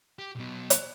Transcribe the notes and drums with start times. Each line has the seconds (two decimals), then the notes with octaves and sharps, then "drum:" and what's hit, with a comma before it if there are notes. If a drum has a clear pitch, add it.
0.19 G4
0.35 B1 B2
0.70 drum: hi-hat